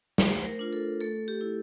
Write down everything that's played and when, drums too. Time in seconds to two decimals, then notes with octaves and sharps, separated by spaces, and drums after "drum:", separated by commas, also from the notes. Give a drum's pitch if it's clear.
0.18 A3 C5, drum: snare
0.45 A#4
0.59 D4 F4
0.73 A4
1.01 A3 A4
1.28 G4
1.41 E4